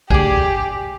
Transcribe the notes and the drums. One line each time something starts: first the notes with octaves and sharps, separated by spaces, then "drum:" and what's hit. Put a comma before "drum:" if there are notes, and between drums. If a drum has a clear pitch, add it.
D2 G4 G#4 D5, drum: kick G#1